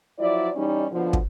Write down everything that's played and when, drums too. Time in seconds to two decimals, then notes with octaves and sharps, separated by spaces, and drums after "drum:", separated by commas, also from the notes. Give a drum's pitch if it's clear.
0.19 F3 F#3 E4 D5
0.56 E3 G3 C#4 D#4
0.92 B2 D3 F3
1.13 drum: kick